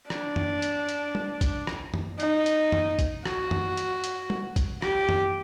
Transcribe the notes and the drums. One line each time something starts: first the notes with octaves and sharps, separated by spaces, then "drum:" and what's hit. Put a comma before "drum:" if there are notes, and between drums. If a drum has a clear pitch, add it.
D4, drum: rim click
drum: tom F#2
drum: hi-hat
drum: hi-hat
drum: tom G3
drum: kick, hi-hat
drum: rim click
drum: tom F#2
D#4, drum: hi-hat
drum: hi-hat
drum: tom F#2
drum: kick, hi-hat
F#4, drum: rim click
drum: tom F#2
drum: hi-hat
drum: hi-hat
drum: tom G3
drum: kick, hi-hat
G4, drum: rim click
drum: tom F#2